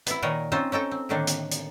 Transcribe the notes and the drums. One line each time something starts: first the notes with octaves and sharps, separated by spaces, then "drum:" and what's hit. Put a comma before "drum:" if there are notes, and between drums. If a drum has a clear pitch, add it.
B3 E4, drum: hi-hat
A#2 D#3 A#4 C#5 D#5 F#5
C4 C#4 D#4 F4 C5
C#4 D#4 A4 G5
C4
A2 D3 D#3 A#3 D4 D#4
drum: hi-hat
drum: hi-hat